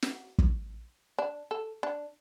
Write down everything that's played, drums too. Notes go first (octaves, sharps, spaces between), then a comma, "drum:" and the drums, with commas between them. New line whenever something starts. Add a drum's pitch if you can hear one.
drum: snare
drum: kick
D4
A4
D4